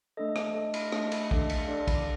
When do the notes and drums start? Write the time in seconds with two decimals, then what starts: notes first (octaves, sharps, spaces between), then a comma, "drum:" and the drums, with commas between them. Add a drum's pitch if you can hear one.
0.17 A3 D4 A4 D#5
0.36 drum: rim click
0.54 A3 D4 A4 D#5
0.74 drum: cymbal
0.92 A3 D4 A4 D#5, drum: rim click
1.12 drum: cymbal
1.31 A3 D4 A4 D#5, drum: kick
1.50 drum: cymbal
1.68 D4 A4 D5
1.87 drum: kick, cymbal